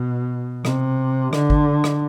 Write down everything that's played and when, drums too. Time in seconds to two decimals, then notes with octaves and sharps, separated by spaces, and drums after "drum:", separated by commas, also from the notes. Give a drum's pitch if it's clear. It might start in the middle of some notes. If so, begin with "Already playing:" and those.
Already playing: B2
0.65 C3, drum: rim click
1.33 D3, drum: rim click
1.50 drum: kick G#1
1.84 drum: rim click